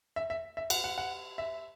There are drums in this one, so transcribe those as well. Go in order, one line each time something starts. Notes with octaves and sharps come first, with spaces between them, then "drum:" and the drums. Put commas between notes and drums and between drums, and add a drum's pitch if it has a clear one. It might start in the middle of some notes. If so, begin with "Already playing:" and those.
E5
E5
E5
F#5, drum: cymbal
F#5
F#5
E5